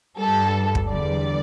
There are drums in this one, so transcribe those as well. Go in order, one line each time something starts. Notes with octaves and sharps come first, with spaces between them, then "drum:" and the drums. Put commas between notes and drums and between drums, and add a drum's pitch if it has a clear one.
G2 G3 A4
drum: kick
E2 D3 G3 D5